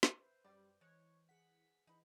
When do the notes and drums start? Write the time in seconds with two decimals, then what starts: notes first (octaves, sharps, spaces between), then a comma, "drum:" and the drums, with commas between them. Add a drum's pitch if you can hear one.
0.03 drum: snare
0.19 B4 C5 E5
0.44 F#2 G3 D5
0.81 E3 G#3 C#5
1.29 G#4 F#5 B6
1.87 E3 D#4 B5